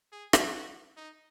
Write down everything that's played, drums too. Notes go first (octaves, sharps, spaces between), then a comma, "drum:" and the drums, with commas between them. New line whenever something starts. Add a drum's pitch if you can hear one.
G#4
drum: rim click
F#4
D#4